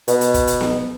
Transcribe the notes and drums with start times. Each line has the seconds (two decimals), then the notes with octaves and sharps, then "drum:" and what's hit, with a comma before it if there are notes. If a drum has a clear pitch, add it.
0.08 B2, drum: hi-hat
0.21 drum: hi-hat
0.34 drum: kick, hi-hat
0.47 drum: hi-hat
0.61 drum: snare B3